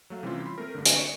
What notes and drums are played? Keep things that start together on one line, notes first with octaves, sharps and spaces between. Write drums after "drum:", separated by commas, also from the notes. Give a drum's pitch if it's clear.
F#3 A3 F5
C3 E3 G3 C4 C#4 F4
B5 C6
A3 C4 A#4
G2 D3
drum: hi-hat
C#6 C#7